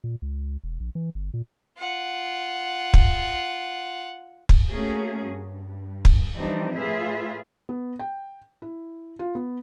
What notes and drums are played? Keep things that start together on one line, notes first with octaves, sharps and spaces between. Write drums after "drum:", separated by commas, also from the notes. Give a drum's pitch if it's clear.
A#2
C#2
E1
A#1
E3
G1
A#2
F4 F#5
drum: kick
drum: kick
A3 A#3 C#4 F#4 G#4
G2
drum: kick
E3 F3 G3 C4 D4 D#4
A2 F4 G#4 B4 E5
B3
G5
E4
F4
B3